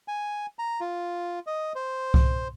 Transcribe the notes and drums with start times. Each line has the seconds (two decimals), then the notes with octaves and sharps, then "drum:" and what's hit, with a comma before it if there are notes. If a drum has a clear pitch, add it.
0.08 G#5
0.59 A#5
0.80 F4
1.47 D#5
1.75 C5
2.14 drum: kick C2